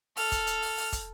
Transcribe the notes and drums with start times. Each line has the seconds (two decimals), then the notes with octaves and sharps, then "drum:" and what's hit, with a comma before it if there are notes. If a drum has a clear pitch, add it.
0.17 A4 F6, drum: open hi-hat
0.32 drum: kick, hi-hat
0.47 drum: hi-hat
0.62 drum: open hi-hat
0.77 drum: open hi-hat
0.93 drum: kick, hi-hat